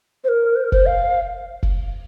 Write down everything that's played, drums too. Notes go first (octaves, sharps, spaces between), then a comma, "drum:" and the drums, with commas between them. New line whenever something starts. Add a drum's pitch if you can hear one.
C5
A#4
C5
A#4
C5, drum: kick
F5
drum: kick